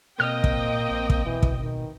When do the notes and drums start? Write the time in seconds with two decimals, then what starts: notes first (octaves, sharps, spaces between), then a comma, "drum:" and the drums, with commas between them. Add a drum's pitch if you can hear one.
0.20 B2 A#3 C4 D#5 G5 F6
0.44 drum: kick
0.53 A#2
0.91 A#1
1.10 drum: kick
1.26 B2 E3
1.43 drum: kick
1.60 D#3